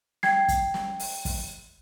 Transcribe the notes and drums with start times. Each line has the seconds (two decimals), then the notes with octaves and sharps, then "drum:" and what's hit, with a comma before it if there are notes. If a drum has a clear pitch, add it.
0.23 G5 G#6 C7, drum: snare
0.48 drum: kick, hi-hat
0.74 drum: snare
1.00 drum: open hi-hat
1.25 drum: kick, open hi-hat